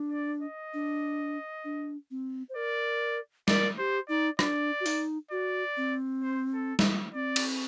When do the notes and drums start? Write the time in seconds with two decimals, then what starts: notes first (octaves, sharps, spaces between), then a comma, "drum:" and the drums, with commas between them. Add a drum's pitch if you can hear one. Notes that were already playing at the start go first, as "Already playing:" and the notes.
Already playing: D4
0.12 D5
0.42 D#5
0.74 D4
1.64 D4
2.11 C4
2.49 C5
2.56 A#4 D5
3.48 A#4 D5, drum: snare
3.78 G4 C5
4.09 D#4 D5
4.39 D4 D5, drum: rim click
4.80 F#4
4.86 D#4, drum: open hi-hat
5.31 F#4 D5
5.77 C4
6.23 C5
6.54 A4
6.79 drum: snare
7.14 C4 D5
7.36 drum: cymbal